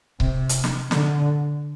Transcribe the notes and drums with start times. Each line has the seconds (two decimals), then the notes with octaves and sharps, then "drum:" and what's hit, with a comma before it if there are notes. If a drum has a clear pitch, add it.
0.20 C3, drum: kick C#1
0.49 drum: hi-hat
0.64 drum: snare
0.91 D3, drum: snare